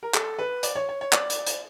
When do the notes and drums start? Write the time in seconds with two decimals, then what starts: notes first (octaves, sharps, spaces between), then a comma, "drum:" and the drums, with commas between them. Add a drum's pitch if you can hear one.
0.03 A#4
0.14 A4, drum: clap
0.38 B4
0.63 D5, drum: hi-hat
0.75 C#5
0.89 C#5
1.01 C#5
1.13 D5, drum: clap
1.30 drum: hi-hat
1.47 drum: hi-hat